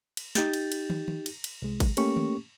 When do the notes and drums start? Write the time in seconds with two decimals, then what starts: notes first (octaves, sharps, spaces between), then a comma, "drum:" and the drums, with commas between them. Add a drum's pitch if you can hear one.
0.17 drum: cymbal
0.35 D#4 G4 G6 A6, drum: snare
0.53 drum: cymbal
0.72 drum: cymbal
0.90 drum: tom
1.08 drum: tom
1.26 drum: cymbal
1.44 drum: cymbal
1.62 C2 G#3
1.80 drum: kick G#1, cymbal
1.97 A3 A#3 C#4 G4 C#6, drum: cymbal
2.17 drum: tom